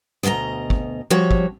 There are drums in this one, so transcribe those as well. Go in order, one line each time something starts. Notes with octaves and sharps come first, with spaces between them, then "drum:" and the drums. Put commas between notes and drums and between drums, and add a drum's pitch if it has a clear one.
D2 B2 A4 D#5 A#5
drum: kick
F3 G3 F#4 C#5
drum: kick